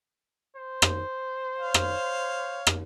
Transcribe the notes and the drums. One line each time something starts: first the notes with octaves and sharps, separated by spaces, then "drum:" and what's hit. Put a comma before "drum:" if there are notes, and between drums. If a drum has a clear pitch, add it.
C5
drum: rim click
C#5 F5
drum: rim click
drum: rim click